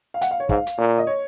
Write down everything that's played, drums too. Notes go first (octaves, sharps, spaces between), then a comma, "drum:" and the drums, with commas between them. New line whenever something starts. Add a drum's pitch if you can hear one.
F5
F#5, drum: hi-hat
F5
C#5
G#2 F5, drum: kick
drum: hi-hat
A#2
D#5
C#5